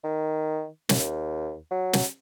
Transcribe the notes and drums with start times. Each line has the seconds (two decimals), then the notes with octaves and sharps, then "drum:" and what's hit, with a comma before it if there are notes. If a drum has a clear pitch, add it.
0.04 D#3
0.89 D#2, drum: snare
1.71 F#3
1.93 drum: snare